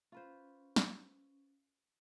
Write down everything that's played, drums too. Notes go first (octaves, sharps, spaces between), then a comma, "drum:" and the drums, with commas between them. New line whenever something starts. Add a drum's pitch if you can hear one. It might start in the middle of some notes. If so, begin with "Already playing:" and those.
C#4 F4 B4 C5
drum: snare